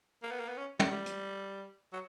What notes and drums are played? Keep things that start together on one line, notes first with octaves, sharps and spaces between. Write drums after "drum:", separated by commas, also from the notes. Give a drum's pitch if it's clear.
A#3
B3
A#3
B3
C#4
G3, drum: tom
G3
drum: hi-hat
F#3